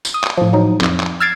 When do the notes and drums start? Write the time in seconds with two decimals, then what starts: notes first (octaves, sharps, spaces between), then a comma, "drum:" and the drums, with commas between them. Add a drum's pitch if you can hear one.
0.05 drum: tambourine
0.14 D#6
0.24 drum: clap
0.37 A2 F3
0.53 F#3 D#4
0.81 F2, drum: clap
1.00 drum: clap
1.20 E6 F6 G#6 A6 C7 D7